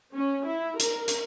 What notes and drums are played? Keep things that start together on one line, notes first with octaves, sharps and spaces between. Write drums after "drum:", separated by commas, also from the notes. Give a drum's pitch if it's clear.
C#4
E4
A#4, drum: hi-hat
drum: hi-hat